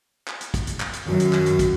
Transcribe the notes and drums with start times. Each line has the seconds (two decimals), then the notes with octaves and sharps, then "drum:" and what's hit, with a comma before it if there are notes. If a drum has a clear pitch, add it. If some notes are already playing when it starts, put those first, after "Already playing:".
0.27 drum: clap
0.41 drum: hi-hat
0.54 drum: kick, hi-hat
0.67 drum: hi-hat
0.80 drum: clap
0.93 drum: hi-hat
1.07 F#2 D#3 F#4
1.20 drum: hi-hat
1.33 drum: clap
1.46 drum: hi-hat
1.59 drum: kick, hi-hat